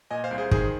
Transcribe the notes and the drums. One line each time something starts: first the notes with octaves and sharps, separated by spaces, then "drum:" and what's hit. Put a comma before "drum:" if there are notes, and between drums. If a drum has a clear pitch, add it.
A#2 D#5 G#5
C5 F5
C2
G#4 C5
D#3 G#4 C5, drum: kick